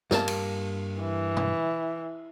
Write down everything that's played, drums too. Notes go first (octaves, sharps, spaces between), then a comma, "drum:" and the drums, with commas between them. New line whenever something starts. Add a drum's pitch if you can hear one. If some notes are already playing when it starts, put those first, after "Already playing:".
G2 A#3 A5, drum: snare
drum: cymbal
E3
drum: tom B2